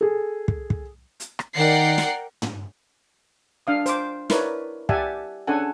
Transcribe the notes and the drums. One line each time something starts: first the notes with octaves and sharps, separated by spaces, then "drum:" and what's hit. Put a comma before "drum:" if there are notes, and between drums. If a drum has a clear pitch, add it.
G#4 A4
drum: kick
drum: kick
drum: hi-hat
drum: rim click
D#3 A#4 D5 F#5 G5 C7
drum: snare
drum: tom
D4 F5 D#6
C5 D6, drum: hi-hat
E4 A#4 B4 C#5 D5, drum: snare
G4 D5 E5 F#5 G#5 A5, drum: kick
C#4 D4 G#4 A4 F#5 G#5